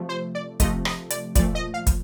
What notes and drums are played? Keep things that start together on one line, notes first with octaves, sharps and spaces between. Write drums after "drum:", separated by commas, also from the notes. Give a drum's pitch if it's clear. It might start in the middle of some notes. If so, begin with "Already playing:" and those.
Already playing: C3 F3 A3
C5
D5
C3 F3 A3 D#5, drum: kick, hi-hat
D#5, drum: rim click
D5, drum: hi-hat
A#2 F3 A3 D5, drum: kick, hi-hat
D#5
F5
drum: kick, hi-hat